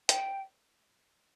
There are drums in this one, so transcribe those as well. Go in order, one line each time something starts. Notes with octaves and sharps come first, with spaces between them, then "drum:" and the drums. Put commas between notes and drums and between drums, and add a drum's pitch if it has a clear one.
G5, drum: hi-hat